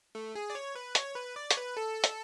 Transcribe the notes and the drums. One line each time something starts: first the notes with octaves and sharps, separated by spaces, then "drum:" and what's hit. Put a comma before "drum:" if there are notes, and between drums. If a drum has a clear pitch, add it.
A3
G#4
D5
C#5
B4
C#5, drum: hi-hat
B4
D5
C#5, drum: hi-hat
B4
A4
drum: hi-hat